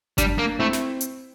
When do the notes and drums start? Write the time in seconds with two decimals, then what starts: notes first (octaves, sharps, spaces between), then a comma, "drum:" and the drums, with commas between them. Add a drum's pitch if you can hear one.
0.18 G3 D4, drum: kick G1, hi-hat
0.38 A#3
0.59 A3 C4 E4
0.73 drum: snare
1.01 drum: hi-hat